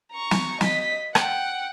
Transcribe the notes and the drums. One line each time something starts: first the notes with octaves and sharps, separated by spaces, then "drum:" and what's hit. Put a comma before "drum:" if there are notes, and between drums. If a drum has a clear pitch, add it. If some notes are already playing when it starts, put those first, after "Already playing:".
A#5 C#6
drum: snare
D#5 B6, drum: snare
F#5 G5, drum: rim click